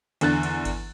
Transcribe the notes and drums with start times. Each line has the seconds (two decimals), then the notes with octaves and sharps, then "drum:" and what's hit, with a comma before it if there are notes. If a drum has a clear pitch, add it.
0.21 E2 D3 F#6 A6, drum: cymbal
0.43 drum: cymbal
0.65 drum: kick G1, cymbal